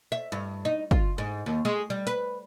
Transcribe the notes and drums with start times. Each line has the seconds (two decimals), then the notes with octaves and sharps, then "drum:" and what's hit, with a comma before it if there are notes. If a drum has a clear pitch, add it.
0.12 E5
0.32 G2
0.65 D#4
0.91 F4, drum: kick
1.18 G#2
1.46 D#2
1.65 G#3
1.90 G3
2.07 B4, drum: hi-hat